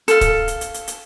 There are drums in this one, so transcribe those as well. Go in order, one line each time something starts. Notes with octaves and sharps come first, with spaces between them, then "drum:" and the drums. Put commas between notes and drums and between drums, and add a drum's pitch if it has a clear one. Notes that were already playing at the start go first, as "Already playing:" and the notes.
A4 F5, drum: hi-hat
drum: kick D1, hi-hat
drum: hi-hat
drum: hi-hat
drum: hi-hat
drum: hi-hat